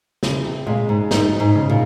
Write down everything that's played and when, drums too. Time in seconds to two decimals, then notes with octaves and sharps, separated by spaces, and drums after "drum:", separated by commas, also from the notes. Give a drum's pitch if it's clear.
0.23 C#3, drum: snare
0.45 C3
0.66 A#2 G#3
0.89 G#2
1.11 G#2 D#4, drum: snare
1.40 G#2
1.55 C#3
1.70 A#2